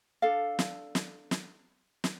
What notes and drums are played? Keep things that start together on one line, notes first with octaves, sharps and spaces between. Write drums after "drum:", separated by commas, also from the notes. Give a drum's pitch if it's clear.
D4 A4 F5
drum: snare
drum: snare
drum: snare
drum: snare